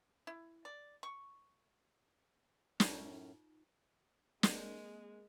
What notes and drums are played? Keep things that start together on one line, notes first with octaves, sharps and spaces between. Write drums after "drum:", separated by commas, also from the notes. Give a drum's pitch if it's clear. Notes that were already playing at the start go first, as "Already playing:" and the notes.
E4
D5
C#6
F#2 A2 C#4 D#4 F4 C#5, drum: snare
G#3 A#3 C4 A#4, drum: snare